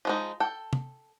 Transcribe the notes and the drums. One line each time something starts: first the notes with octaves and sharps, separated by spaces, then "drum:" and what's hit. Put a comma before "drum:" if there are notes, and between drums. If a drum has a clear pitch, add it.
F3 G#3 D#4
A4 G5
drum: tom